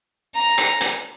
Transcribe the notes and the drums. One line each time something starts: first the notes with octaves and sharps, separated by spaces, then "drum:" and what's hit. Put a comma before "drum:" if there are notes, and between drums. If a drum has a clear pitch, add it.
A#5
drum: hi-hat
drum: hi-hat